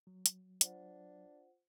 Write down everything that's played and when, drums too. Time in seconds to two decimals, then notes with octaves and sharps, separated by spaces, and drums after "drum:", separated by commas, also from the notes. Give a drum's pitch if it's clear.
0.07 F#3
0.26 drum: hi-hat
0.61 D4 F4 C5 F#5, drum: hi-hat